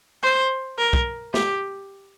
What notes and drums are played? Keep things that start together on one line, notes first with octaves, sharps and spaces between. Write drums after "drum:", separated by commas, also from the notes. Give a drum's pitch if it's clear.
C5
A#4
drum: kick
G4, drum: snare